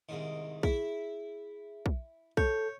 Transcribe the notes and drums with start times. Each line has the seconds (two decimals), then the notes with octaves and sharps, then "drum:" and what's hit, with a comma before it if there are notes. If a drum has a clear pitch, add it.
0.09 C2 G#2 D#3
0.63 E4 G#4 E5, drum: kick
1.86 drum: kick
2.37 A4 C#5 G6, drum: kick